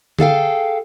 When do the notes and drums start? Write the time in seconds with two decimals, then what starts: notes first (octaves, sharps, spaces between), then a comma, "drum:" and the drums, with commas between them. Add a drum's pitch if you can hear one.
0.19 G#4 A4 F5 G5, drum: tom D3